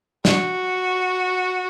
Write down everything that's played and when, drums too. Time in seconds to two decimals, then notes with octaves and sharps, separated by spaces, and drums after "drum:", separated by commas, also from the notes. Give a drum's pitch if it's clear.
0.25 F#4, drum: snare